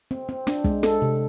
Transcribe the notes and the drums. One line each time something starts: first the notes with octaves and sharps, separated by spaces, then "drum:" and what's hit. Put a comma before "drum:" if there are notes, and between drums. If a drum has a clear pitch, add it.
C4
C4
D4, drum: snare
G#3, drum: kick
A4, drum: snare
C3